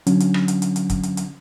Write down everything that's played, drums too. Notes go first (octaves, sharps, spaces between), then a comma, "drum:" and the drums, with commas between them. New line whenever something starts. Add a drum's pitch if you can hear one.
D3 F#3 C#4, drum: hi-hat
drum: hi-hat
drum: rim click
drum: hi-hat
drum: hi-hat
drum: hi-hat
drum: kick, hi-hat
drum: hi-hat
drum: hi-hat